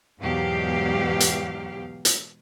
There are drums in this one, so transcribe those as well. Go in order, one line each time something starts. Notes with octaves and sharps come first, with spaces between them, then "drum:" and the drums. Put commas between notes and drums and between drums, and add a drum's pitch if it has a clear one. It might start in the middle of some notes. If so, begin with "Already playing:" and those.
E2 G#2 B2 F#3 G4 F5
drum: hi-hat
drum: hi-hat